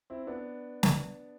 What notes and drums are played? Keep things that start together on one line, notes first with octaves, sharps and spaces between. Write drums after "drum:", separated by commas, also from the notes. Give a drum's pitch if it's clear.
C4 E4
B3 D4
drum: snare